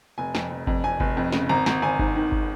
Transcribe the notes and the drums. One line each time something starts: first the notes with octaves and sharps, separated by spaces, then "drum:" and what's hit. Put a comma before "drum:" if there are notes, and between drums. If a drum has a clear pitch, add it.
F1 G#5
F2, drum: snare
F1
F2, drum: kick G1
F2 G#5
F1, drum: kick G1
F2
C#3, drum: snare
G#1 A#5
G#1, drum: snare
G#1 G#5
G#2, drum: kick G1
D#3
drum: kick G1